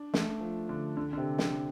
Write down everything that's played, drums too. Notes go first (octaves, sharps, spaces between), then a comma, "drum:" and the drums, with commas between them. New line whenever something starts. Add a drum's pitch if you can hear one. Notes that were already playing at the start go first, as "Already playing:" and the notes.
Already playing: D4
A3, drum: snare
F3
D3
D3
D3
C3
D3, drum: snare